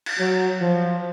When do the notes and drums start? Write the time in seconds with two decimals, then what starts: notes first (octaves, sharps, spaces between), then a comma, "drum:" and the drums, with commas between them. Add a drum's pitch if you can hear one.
0.06 drum: cymbal
0.18 F#3
0.60 F3